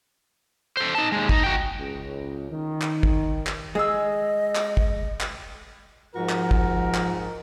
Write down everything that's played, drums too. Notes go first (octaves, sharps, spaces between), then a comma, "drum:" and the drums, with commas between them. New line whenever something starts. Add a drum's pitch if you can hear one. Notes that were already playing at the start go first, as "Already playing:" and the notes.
A4 C5
D#4 A5
D#2 G#3
D#4, drum: kick
F#4 G5
C#2
D#3
drum: clap
drum: kick
drum: clap
G#3 G#4 D#5 E6
drum: clap
drum: kick
drum: clap
G#2 F3 F#4 A#4
drum: clap
drum: kick
drum: clap